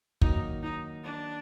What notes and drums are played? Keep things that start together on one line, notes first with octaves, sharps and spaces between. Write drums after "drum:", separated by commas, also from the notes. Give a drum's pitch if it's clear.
D#3 F#3 A#3 D#4, drum: kick
D#4
D4